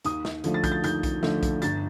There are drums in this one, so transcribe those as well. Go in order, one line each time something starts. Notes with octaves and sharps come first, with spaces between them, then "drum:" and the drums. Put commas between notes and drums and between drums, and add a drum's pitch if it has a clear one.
D#2 D#6, drum: hi-hat
drum: snare
D3 F3 A3, drum: hi-hat
A6
G6, drum: kick B1, hi-hat
A6
D#2 G6, drum: hi-hat
drum: kick B1, hi-hat
D3 F3 A3, drum: snare
drum: kick B1, hi-hat
G1 A6, drum: hi-hat